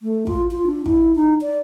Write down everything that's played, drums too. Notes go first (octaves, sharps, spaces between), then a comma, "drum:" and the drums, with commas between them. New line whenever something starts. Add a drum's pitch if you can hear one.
A3
F4, drum: kick
F4
D4
E4, drum: kick
D#4
D5